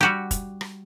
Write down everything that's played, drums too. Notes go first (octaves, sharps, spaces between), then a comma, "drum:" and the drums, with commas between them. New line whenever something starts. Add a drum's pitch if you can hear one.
G3 F#4 G4
drum: kick, hi-hat
drum: rim click